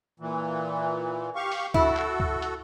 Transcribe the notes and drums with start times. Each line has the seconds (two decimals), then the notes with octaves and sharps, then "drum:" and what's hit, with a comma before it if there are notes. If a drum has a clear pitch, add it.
0.20 A#2 E3
1.35 G4 F5 C#6
1.52 drum: open hi-hat
1.74 E4 F#4 A4, drum: kick C#2
1.97 drum: clap
2.20 drum: kick C#2
2.42 drum: hi-hat